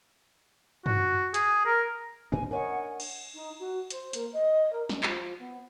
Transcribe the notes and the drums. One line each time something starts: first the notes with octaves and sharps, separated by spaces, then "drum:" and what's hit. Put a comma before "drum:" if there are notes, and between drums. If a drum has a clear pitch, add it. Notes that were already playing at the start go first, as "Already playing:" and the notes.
F#4, drum: tom
G#4, drum: hi-hat
A#4
A#2 C4 D4 G#5
D4 A#4 C#5 D#5 F#5 G#5
drum: cymbal
D#4
F#4
C5, drum: hi-hat
A#3, drum: hi-hat
D#5
A#4
C#4, drum: snare
F3, drum: clap
B3